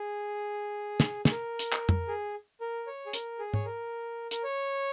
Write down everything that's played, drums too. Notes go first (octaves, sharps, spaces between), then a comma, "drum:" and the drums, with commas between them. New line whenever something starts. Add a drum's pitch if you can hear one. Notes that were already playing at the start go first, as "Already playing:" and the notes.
Already playing: G#4
drum: snare
G#4, drum: snare
A#4
drum: hi-hat
drum: clap
drum: tom F2
G#4
A#4
C#5
G#4
A#4, drum: hi-hat
G#4
C#5, drum: tom
A#4
A#4, drum: hi-hat
C#5